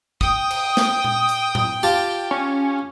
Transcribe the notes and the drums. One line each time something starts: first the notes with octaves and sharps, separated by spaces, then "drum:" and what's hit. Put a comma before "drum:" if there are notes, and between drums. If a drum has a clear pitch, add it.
G5 D#6, drum: kick
drum: cymbal
drum: snare
drum: tom A#2
drum: hi-hat
drum: tom A2
F4 G4 A5
C#4